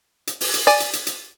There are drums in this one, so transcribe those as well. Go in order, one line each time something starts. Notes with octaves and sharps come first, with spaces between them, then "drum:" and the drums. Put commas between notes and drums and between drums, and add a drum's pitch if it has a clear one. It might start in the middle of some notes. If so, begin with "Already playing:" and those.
drum: hi-hat
drum: open hi-hat
drum: hi-hat
D5 G#5 A6
drum: hi-hat
drum: hi-hat
drum: hi-hat